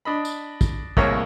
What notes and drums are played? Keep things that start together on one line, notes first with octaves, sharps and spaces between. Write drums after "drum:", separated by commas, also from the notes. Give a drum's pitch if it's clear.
D4 D#5 B5
drum: tambourine
drum: kick, tambourine
C2 A2 G#3 A#3 E4 C#5, drum: kick